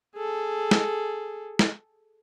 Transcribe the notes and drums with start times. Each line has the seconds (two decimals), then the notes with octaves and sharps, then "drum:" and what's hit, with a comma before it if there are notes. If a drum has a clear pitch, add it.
0.16 G#4 A4
0.71 drum: snare
1.59 drum: snare